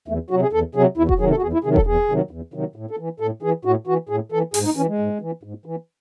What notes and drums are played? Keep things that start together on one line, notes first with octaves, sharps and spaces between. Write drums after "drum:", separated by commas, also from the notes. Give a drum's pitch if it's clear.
E2 A3
C3 F#3 F#4
G#4
E2 A4
C3 F#3 G#4
E2 E4
F#4, drum: kick E1
C3 D#3 F#3 G#4
A4
F#4
E2 G#4
E4
C3 D#3 F#3 G#4
A4, drum: kick E1
E2 G#4
C3 D#3 F#3
E2
C3 D#3 F#3
A2
A4
E3
A2 A4
E3 G#4
A2 F#4
E3 F#4
A2 G#4
E3 A4
G#2 G#4, drum: open hi-hat
D#4
E3 C#4
G#3
G#2
E3
G#2
E3